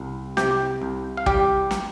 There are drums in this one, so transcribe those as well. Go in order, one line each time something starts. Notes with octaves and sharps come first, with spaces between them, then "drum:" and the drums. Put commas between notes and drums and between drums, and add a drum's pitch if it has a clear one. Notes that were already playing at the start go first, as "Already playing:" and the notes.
Already playing: C2 G3
C3 G4 G5, drum: snare
C2
F5
G3 G4 G5, drum: kick
drum: snare